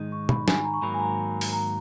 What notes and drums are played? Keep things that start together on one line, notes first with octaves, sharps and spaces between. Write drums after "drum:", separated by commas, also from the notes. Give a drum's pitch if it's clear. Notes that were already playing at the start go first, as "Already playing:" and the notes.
Already playing: G#2 D#3 G#3 D#4
C#6
B5, drum: tom B2
G#5, drum: snare
A#5
C#6
G#2 D#3 F#3 A#3 B5
G#5
A#5
G#5
drum: open hi-hat
A#5